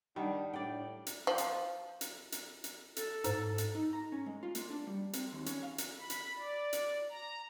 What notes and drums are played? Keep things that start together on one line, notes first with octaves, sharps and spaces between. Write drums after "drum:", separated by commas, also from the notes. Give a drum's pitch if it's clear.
D#3 G3 D4 F#5
A2 D4 D5 G5
drum: hi-hat
F3
drum: hi-hat
drum: hi-hat
drum: hi-hat
drum: hi-hat
A4, drum: hi-hat
G#2, drum: hi-hat
drum: hi-hat
D#4
A#5
C#4
G#3
F4
A#3, drum: hi-hat
D4
G3
C4, drum: hi-hat
D#2
C#4, drum: hi-hat
F5
drum: hi-hat
B5
drum: hi-hat
D5
drum: hi-hat
A#5